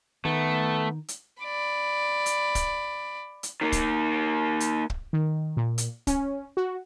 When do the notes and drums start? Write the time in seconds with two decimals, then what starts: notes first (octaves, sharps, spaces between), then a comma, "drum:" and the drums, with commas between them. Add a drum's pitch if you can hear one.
0.25 D#3 A3 B3
1.08 drum: hi-hat
1.43 D5 B5
2.26 drum: hi-hat
2.55 drum: kick, hi-hat
3.43 drum: hi-hat
3.61 D#3 A#3
3.72 drum: kick, hi-hat
4.60 drum: hi-hat
4.90 drum: kick
5.13 D#3
5.57 A#2
5.78 drum: hi-hat
6.07 C#4, drum: kick, hi-hat
6.57 F#4